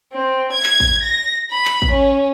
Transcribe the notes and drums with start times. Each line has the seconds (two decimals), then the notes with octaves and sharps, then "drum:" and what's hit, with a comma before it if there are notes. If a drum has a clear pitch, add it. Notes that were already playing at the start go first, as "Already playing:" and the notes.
0.12 C4
0.52 G#6
0.63 drum: clap
0.80 drum: kick A1
1.03 A#6
1.51 B5
1.65 drum: clap
1.82 drum: kick A1
1.92 C#4